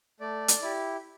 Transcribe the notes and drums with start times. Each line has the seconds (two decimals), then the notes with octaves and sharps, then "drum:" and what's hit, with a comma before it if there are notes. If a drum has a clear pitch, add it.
0.20 A3 D5
0.48 drum: hi-hat
0.62 E4 G4